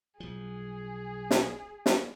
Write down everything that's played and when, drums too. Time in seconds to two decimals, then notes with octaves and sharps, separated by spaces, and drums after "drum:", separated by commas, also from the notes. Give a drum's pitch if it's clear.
0.20 B1 F3 G#4
1.31 drum: snare
1.86 drum: snare